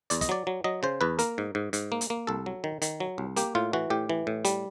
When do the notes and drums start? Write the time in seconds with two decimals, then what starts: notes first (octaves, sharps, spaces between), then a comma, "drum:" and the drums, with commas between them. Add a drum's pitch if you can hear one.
0.10 E2 D5, drum: hi-hat
0.21 D#5, drum: kick, hi-hat
0.29 F#3 D5
0.47 F#3
0.64 F#3 D#5
0.83 C#3 C5
1.01 E2 B4
1.19 A#3 A#4, drum: hi-hat
1.38 G#2
1.55 G#2
1.73 G#2, drum: hi-hat
1.92 A#3
2.01 drum: hi-hat
2.10 A#3
2.27 C2 A4
2.46 F#3
2.64 D#3
2.82 D#3, drum: hi-hat
3.00 F#3
3.18 C2
3.37 A#3 G4, drum: hi-hat
3.55 A2 F4
3.73 E3 F#4
3.90 A2 G4
4.09 E3
4.27 A2
4.45 G3, drum: hi-hat